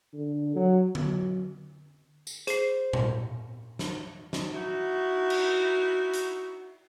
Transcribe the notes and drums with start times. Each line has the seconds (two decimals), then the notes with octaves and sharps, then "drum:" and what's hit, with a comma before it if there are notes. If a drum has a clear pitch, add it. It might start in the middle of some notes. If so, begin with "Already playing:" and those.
0.13 D3
0.55 F#3
0.95 F#3, drum: tom D3
2.27 drum: tambourine
2.47 G#4 C5 C7, drum: hi-hat
2.93 drum: tom A#2
3.79 drum: snare
4.33 drum: snare
4.55 D#4 E4 F#4
5.30 drum: cymbal
6.13 drum: hi-hat